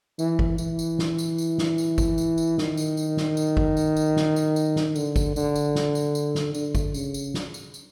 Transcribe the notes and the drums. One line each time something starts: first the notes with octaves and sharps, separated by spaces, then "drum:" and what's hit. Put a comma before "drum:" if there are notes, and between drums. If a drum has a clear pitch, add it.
E3, drum: tambourine
drum: kick G#1
E3, drum: tambourine
drum: tambourine
drum: snare
drum: tambourine
drum: tambourine
drum: snare
drum: tambourine
drum: kick G#1, tambourine
drum: tambourine
drum: tambourine
D#3, drum: snare
drum: tambourine
drum: tambourine
drum: snare
drum: tambourine
drum: kick G#1
drum: tambourine
drum: tambourine
drum: snare
drum: tambourine
drum: tambourine
drum: snare
D3, drum: tambourine
drum: kick G#1, tambourine
D3, drum: tambourine
drum: tambourine
drum: snare
drum: tambourine
drum: tambourine
drum: snare
D3, drum: tambourine
drum: kick G#1, tambourine
C#3, drum: tambourine
drum: tambourine
drum: snare
drum: tambourine
drum: tambourine